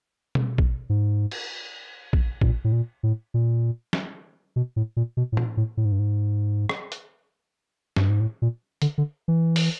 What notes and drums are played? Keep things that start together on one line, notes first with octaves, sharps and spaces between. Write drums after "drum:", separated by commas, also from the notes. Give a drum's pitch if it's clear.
drum: tom B2
drum: kick
G#2
drum: cymbal
drum: kick
A#2, drum: kick
A2
A#2
A2
A#2
drum: snare
B2
A2
A#2
B2
A2
A#2, drum: tom A2
A2
A2
G#2
G2
G#2
drum: rim click
drum: hi-hat
G2, drum: snare
G#2
A2
A#2
D3, drum: hi-hat
D3
E3
drum: open hi-hat